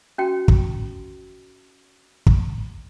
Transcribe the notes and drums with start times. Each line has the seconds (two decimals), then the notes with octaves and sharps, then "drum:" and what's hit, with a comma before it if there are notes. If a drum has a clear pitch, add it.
0.18 C#4 F#4 G5
0.48 drum: kick
2.26 drum: kick